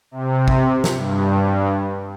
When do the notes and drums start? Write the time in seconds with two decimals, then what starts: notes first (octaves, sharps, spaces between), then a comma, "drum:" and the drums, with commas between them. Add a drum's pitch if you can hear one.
0.11 C3
0.48 drum: kick A1
0.84 drum: snare
0.94 G2